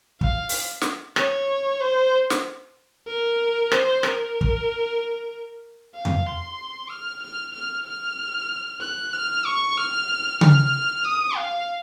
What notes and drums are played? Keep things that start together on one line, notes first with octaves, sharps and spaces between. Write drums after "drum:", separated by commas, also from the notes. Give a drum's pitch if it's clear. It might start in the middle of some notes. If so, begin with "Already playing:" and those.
F5, drum: kick
drum: open hi-hat
drum: snare
C#5, drum: rim click
C5
drum: snare
A#4
C5, drum: rim click
A#4, drum: rim click
drum: kick
F5
drum: tom F2
C6
F6
F6
F6
F6
F#6
F6
C#6
F6
F6, drum: tom C#3
D#6
F5